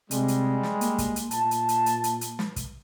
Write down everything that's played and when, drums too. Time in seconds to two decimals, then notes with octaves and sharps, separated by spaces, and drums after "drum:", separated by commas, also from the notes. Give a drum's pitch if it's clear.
0.11 C3 G3 G#3, drum: hi-hat
0.28 drum: hi-hat
0.63 drum: snare
0.81 A#3, drum: hi-hat
0.98 drum: kick, hi-hat
1.16 drum: hi-hat
1.31 A#2 A5, drum: hi-hat
1.51 drum: hi-hat
1.69 drum: hi-hat
1.86 drum: hi-hat
2.04 drum: hi-hat
2.21 drum: hi-hat
2.39 drum: snare
2.56 drum: kick, hi-hat